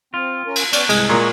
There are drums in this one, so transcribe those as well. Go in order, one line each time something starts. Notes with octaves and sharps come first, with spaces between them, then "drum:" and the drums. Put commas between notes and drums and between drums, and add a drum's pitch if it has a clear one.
C4 F4
C#4 A#4
drum: cymbal
B3 C#4 D5, drum: cymbal
C2 G#2 G#3, drum: cymbal
A#2 A#5 C#6 D#6